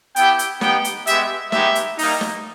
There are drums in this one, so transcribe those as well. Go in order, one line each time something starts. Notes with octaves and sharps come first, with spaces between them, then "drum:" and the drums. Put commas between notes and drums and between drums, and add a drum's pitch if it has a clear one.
B3 E4 G4 G5, drum: hi-hat
drum: hi-hat
B3 D#4 G4 G5, drum: snare
drum: hi-hat
G#3 B3 G4 E5, drum: hi-hat
G#3 B3 D#4 G4 E5, drum: snare
drum: hi-hat
G3 A#3 D#4, drum: open hi-hat
drum: snare